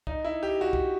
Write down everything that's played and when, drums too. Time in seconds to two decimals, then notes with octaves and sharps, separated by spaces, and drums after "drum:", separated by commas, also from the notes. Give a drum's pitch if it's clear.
0.07 D#4, drum: kick
0.25 E4
0.43 G4
0.61 F#4
0.73 drum: kick